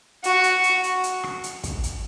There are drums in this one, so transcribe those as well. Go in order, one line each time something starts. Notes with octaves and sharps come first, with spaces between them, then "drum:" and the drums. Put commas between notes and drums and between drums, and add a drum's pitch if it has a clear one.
F#4, drum: hi-hat
drum: hi-hat
drum: hi-hat
drum: hi-hat
drum: hi-hat
drum: rim click
drum: hi-hat
drum: kick, hi-hat
drum: hi-hat